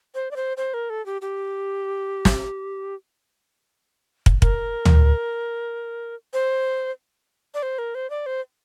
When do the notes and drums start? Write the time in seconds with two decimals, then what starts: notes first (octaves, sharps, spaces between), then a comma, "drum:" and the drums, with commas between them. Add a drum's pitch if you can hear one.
0.15 C5
0.31 D5
0.36 C5
0.57 C5
0.74 A#4
0.90 A4
1.06 G4
1.22 G4
2.25 drum: snare
4.26 drum: kick
4.42 A#4, drum: kick
4.85 drum: tom
6.34 C5
7.55 D5
7.63 C5
7.78 A#4
7.95 C5
8.10 D5
8.26 C5